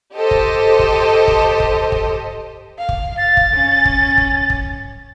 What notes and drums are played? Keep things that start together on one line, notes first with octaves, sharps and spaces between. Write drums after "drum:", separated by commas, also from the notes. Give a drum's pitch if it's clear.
G4 A4 C5 D#5
drum: kick
drum: kick
drum: kick
drum: kick
drum: kick
F5
drum: kick
F5 A6
drum: kick
C#4
drum: kick
drum: kick
drum: kick